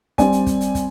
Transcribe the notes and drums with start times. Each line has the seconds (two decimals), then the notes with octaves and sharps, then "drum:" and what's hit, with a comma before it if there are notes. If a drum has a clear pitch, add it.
0.18 G3 C4 G4 D5 G#5, drum: kick, hi-hat
0.32 drum: hi-hat
0.46 drum: kick, hi-hat
0.61 drum: hi-hat
0.75 drum: kick, hi-hat